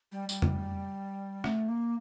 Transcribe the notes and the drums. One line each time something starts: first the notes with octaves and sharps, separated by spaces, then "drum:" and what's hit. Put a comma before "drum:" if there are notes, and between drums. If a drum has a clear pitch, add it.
G3
G3, drum: tambourine
drum: tom F2
A3, drum: rim click
A#3